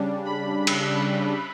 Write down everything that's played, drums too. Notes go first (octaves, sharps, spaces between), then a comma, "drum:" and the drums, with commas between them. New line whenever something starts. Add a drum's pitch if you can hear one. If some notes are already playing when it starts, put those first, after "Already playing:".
Already playing: C#3 G3 D4
B5
drum: cymbal